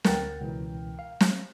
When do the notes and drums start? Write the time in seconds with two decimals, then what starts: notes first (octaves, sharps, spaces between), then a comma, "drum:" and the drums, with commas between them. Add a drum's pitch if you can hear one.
0.04 D2 A#4 F#5 G5 A6, drum: snare
0.41 C#2 B2 E3
0.99 F5
1.21 drum: snare